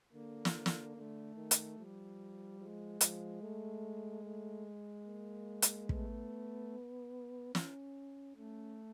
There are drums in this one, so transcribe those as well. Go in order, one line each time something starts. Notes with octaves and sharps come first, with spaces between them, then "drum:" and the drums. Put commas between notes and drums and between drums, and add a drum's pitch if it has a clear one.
D3 A#3
drum: snare
drum: snare
D3 A3
D#3
drum: hi-hat
F3 G3
F3 G#3
F3, drum: hi-hat
A3
A3
A#3
drum: hi-hat
A3 B3, drum: kick
C#4, drum: snare
A3 C#4